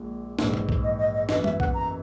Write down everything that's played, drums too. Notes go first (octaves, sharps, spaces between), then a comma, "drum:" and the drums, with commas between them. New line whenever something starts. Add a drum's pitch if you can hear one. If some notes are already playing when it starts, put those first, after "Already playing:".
Already playing: A#1 A#2 G#3
A#1 G#2 E3, drum: snare
drum: tom A#2
drum: kick B1
D#5
D#5
D#5
F#2 E3 B3 D#5, drum: snare
E5, drum: tom G3
F#5, drum: kick B1
A#5